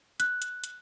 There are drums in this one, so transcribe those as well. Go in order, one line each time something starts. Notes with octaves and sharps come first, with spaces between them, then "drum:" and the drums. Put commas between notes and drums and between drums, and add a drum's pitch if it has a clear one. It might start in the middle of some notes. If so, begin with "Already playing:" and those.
F#6, drum: hi-hat
drum: hi-hat
drum: hi-hat